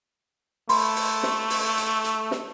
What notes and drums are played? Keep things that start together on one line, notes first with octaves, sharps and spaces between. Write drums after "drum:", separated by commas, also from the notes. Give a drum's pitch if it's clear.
A3 B5 C6, drum: open hi-hat
drum: open hi-hat
drum: snare
drum: open hi-hat
drum: hi-hat
drum: hi-hat
drum: snare